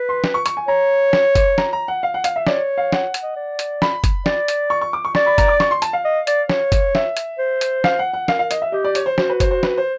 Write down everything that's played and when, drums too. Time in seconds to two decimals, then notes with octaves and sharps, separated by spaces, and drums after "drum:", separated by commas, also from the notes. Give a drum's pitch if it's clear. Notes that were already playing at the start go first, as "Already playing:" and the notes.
Already playing: B4
0.09 C6
0.24 drum: snare
0.34 C#6
0.46 C#6, drum: hi-hat
0.57 G#5
0.68 C#5 A#5
1.13 drum: snare
1.35 drum: kick, hi-hat
1.58 A#5, drum: snare
1.73 A#5
1.88 F#5
2.03 F5
2.14 F#5
2.24 F5, drum: hi-hat
2.36 E5
2.47 C#5 D5, drum: snare
2.78 F5
2.92 F#5, drum: snare
3.14 drum: hi-hat
3.23 D#5
3.37 D5
3.59 drum: hi-hat
3.82 B5, drum: snare
4.04 drum: kick, hi-hat
4.26 D5, drum: snare
4.48 drum: hi-hat
4.70 C#6
4.82 C#6
4.93 D6
5.05 C#6
5.15 D5 C#6, drum: snare
5.26 B5
5.38 A#5, drum: kick, hi-hat
5.48 D6
5.60 C#6, drum: snare
5.71 C6
5.82 A5, drum: hi-hat
5.93 F5
6.05 D#5
6.27 D5, drum: hi-hat
6.50 C#5, drum: snare
6.72 drum: kick, hi-hat
6.95 E5, drum: snare
7.17 drum: hi-hat
7.39 C5
7.61 drum: hi-hat
7.84 F5, drum: snare
7.99 F#5
8.13 F#5
8.28 A#4 F5, drum: snare
8.39 F5
8.51 D#5, drum: hi-hat
8.62 E5
8.72 G4 D#5
8.84 D5
8.95 C#5, drum: hi-hat
9.06 C5
9.18 F#4 C5, drum: snare
9.29 B4
9.40 C5, drum: kick, hi-hat
9.51 C5
9.63 B4, drum: snare
9.78 C5